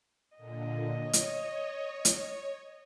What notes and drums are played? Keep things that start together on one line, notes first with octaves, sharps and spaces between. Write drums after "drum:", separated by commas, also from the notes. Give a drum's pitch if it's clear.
A#2 D3 D#5
C#5
drum: hi-hat
drum: hi-hat